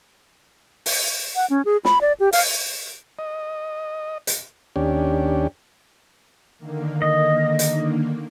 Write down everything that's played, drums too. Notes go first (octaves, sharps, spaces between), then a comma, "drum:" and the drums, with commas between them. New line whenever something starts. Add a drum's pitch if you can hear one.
drum: open hi-hat
F#5
C#4
G#4
B5, drum: snare
D5
G4
F5, drum: open hi-hat
D#5
drum: hi-hat
D#2 C#4 D4 G4
D3 D#3 A#3
D#5
drum: hi-hat